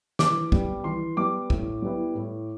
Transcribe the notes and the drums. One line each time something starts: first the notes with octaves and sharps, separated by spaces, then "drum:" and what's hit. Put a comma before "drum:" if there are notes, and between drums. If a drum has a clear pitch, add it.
E3 D6, drum: snare
G3 B3, drum: kick
E3 C6
G3 B3 D6
A2, drum: kick
G3 B3 E4
A2